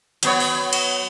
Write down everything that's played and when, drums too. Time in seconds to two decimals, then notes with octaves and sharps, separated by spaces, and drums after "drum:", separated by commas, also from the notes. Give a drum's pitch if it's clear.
0.23 F#3 B3 C#5, drum: hi-hat
0.40 drum: open hi-hat
0.73 drum: cymbal